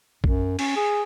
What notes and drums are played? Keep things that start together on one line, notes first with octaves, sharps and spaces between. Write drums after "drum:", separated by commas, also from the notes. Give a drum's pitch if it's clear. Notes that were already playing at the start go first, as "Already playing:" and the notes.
F#2, drum: kick
C#4, drum: cymbal
G#4